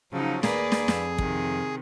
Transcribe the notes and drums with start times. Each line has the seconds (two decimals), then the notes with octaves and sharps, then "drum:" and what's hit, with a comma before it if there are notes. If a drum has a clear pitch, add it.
0.12 C#3 F3 F#3 D#4
0.43 D#2 A#3 G#4 B4 D5, drum: snare
0.72 drum: snare
0.88 F2, drum: snare
1.18 C3 D#3, drum: kick